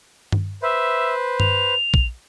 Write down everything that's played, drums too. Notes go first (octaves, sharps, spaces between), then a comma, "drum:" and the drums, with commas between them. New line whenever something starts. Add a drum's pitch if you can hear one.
drum: tom G2
B4 C5 E5
F7, drum: tom G2
drum: kick A#1